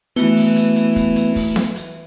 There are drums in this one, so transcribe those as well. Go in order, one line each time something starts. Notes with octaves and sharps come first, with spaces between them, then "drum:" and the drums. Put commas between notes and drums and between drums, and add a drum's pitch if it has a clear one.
E3 A3 B3 E4 F#4, drum: hi-hat
drum: open hi-hat
drum: hi-hat
drum: hi-hat
drum: kick, hi-hat
drum: hi-hat
drum: kick, open hi-hat
drum: snare B3
drum: hi-hat